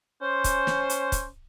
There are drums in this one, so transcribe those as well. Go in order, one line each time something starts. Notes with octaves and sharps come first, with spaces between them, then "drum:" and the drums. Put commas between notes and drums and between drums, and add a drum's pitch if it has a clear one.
C#4 C5
drum: kick, hi-hat
drum: snare
drum: hi-hat
drum: kick, hi-hat